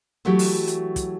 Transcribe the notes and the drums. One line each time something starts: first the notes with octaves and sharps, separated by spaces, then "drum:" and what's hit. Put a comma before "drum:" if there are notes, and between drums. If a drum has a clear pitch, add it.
E3 F#3 A3 E4 F#4 G4
drum: open hi-hat
drum: hi-hat
drum: kick, hi-hat